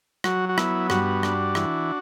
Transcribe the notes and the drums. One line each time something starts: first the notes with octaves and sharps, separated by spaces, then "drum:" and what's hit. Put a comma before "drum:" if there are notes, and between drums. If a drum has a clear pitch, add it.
F#3 F#4, drum: rim click
F#4
B3 E4, drum: rim click
G2 F#4, drum: rim click
D4, drum: rim click
E3, drum: rim click